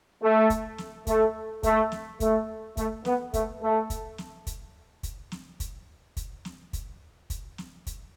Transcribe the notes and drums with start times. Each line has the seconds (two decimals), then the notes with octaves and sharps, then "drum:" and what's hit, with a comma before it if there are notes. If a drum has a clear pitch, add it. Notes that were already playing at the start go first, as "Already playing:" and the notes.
0.22 A3
0.50 drum: kick, hi-hat
0.78 drum: snare
1.07 A3, drum: kick, hi-hat
1.63 A3, drum: kick, hi-hat
1.92 drum: snare
2.20 A3, drum: kick, hi-hat
2.77 A3, drum: kick, hi-hat
3.05 B3, drum: snare
3.34 A3, drum: kick, hi-hat
3.61 A3
3.90 drum: kick, hi-hat
4.18 drum: snare
4.47 drum: kick, hi-hat
5.03 drum: kick, hi-hat
5.32 drum: snare
5.60 drum: kick, hi-hat
6.17 drum: kick, hi-hat
6.45 drum: snare
6.73 drum: kick, hi-hat
7.30 drum: kick, hi-hat
7.58 drum: snare
7.87 drum: kick, hi-hat